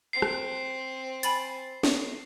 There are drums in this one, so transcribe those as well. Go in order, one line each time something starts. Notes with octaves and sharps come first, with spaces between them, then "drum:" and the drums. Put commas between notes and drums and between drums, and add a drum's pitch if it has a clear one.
C4 C7
drum: rim click
G#5 B5 A6, drum: hi-hat
drum: snare